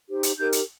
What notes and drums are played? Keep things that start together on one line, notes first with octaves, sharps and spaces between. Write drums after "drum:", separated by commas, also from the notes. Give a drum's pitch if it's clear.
D#4 G4 C5
drum: hi-hat
D#4 G4 A#4 G6
drum: hi-hat